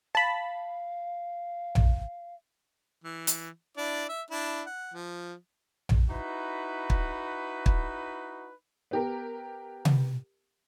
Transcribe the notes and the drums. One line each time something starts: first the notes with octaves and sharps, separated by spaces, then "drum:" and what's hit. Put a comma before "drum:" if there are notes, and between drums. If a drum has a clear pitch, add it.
F5 A5 B5
drum: tom A#1
E3
drum: hi-hat
D4 E4 D5
E5
D4 E4
F#5
F3
drum: tom A#1
D#4 E4 F#4 B4
drum: kick
drum: kick
B3 G4 A#4
drum: tom C3